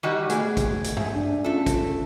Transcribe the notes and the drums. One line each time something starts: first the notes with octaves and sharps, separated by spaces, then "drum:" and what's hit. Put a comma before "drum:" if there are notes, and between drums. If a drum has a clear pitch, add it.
D#3 G3 F#4
B2 A3 G#4 F#5, drum: hi-hat
drum: kick, hi-hat
drum: hi-hat
E5 G#5, drum: tom
D4
A3 C#4 F4 A4
drum: kick, hi-hat